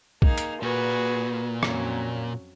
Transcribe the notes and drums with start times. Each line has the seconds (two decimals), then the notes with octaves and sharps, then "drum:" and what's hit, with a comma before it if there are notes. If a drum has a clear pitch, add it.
0.22 A#3 D#4 G#4, drum: kick
0.38 drum: hi-hat
0.62 A#2 F#4 G#4 B4
1.63 F2 F#3 C#4, drum: rim click